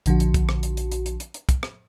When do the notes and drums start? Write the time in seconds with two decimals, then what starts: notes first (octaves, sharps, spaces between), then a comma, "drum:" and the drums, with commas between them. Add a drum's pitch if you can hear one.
0.06 A#1 D3 F3 F#4, drum: hi-hat
0.20 drum: hi-hat
0.34 drum: kick, hi-hat
0.49 drum: rim click
0.63 drum: hi-hat
0.77 drum: hi-hat
0.92 drum: hi-hat
1.06 drum: hi-hat
1.20 drum: hi-hat
1.34 drum: hi-hat
1.49 drum: kick, hi-hat
1.63 drum: rim click